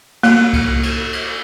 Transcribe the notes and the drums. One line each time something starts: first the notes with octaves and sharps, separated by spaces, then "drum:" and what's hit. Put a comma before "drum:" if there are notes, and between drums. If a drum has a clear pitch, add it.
A#3, drum: cymbal
drum: kick C2, cymbal
drum: cymbal
drum: cymbal